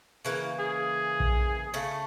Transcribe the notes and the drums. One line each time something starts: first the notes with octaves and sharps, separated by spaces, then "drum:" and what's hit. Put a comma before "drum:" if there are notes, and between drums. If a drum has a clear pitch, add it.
C#3 E3 A#3
G#4
drum: kick A#1
C#3 A3